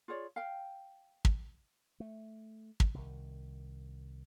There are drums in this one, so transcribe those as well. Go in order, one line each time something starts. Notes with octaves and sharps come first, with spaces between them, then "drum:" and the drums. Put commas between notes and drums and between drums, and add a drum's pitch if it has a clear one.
F4 G#4 C#5 D5
F5 G5
drum: kick
A3
drum: kick
C2 D#3